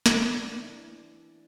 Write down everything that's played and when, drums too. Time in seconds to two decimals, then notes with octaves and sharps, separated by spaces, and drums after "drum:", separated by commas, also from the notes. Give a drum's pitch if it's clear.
0.06 drum: snare
0.21 D4 D5
0.40 D4 D5
0.60 E3 E5